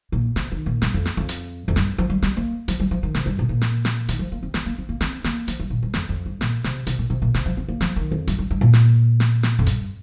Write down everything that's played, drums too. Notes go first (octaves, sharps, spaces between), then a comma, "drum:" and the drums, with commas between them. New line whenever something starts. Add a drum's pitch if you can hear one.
A#2
C3, drum: snare
D#3
A#2
G2, drum: snare
F2
drum: snare
F2
drum: hi-hat
F2
G2, drum: snare
F3
G3
G3, drum: snare
A#3
F3, drum: hi-hat
G3
F3
D#3
C3, drum: snare
G2
A#2
A#2
drum: snare
drum: snare
D#3, drum: hi-hat
F3
A#3
C4
C4, drum: snare
A#3
C4
A#3
C4, drum: snare
A#3, drum: snare
F3, drum: hi-hat
G2
A#2
G2
F2, drum: snare
F2
G2
A#2, drum: snare
C3, drum: snare
C3, drum: hi-hat
A#2
C3
A#2
C3, drum: snare
F3
C4
A#3
F3, drum: snare
D#3
F2
G2, drum: hi-hat
G2
G2
A#2
drum: snare
drum: snare
drum: snare
F2
G2, drum: hi-hat